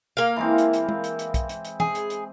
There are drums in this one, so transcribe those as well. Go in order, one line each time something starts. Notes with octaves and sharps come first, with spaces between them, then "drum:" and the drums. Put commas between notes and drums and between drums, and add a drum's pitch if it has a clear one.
A#3 F5
E3 G#3 C4
drum: hi-hat
drum: hi-hat
drum: tom G#3
drum: hi-hat
drum: hi-hat
drum: kick B1, hi-hat
drum: hi-hat
drum: hi-hat
G#4, drum: tom E3
drum: hi-hat
drum: hi-hat